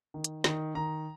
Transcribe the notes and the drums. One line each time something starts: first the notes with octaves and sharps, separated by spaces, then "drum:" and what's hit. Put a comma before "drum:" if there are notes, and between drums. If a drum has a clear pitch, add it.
D#3
drum: hi-hat
D#3, drum: snare
D#3 A#5